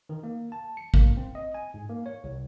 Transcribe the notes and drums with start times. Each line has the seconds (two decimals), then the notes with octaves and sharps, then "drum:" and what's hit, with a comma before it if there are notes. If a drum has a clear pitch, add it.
0.09 D#3
0.23 A#3
0.52 A5
0.77 C#7
0.94 A#3, drum: kick A1
1.17 C4
1.35 D#5
1.54 G#5
1.74 G#2
1.89 A#3
2.06 C#5
2.24 C2